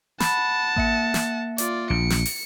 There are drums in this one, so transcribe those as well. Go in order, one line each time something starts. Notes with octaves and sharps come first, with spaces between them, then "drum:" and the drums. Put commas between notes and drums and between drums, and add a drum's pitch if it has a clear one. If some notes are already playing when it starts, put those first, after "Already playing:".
F#5 A5 B5, drum: snare
A#3 E5 C#7, drum: kick A1
drum: snare
F4 D5, drum: hi-hat
A#1 C#7 D7
drum: snare
drum: open hi-hat